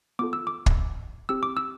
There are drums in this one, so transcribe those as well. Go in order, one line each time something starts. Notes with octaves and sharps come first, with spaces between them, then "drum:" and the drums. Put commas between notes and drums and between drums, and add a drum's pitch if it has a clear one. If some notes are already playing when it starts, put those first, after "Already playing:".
B3 F4 A4 D6
E6
D6
drum: kick
C4 G4 E6
D6
E6